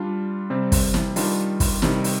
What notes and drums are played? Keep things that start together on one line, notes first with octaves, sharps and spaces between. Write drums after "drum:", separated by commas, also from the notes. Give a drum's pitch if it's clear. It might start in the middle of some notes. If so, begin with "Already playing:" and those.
Already playing: G3 D4 F4
C3 G3 C4
drum: kick, open hi-hat
drum: snare
D#3 G3 D4 F4, drum: open hi-hat
drum: kick, open hi-hat
C3 D#3 G3, drum: snare
drum: open hi-hat